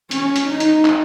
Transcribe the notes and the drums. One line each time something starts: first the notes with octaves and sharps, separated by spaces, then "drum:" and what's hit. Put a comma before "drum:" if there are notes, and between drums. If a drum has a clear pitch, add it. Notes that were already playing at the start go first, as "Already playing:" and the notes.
C#4, drum: hi-hat
drum: hi-hat
D#4
drum: hi-hat
drum: clap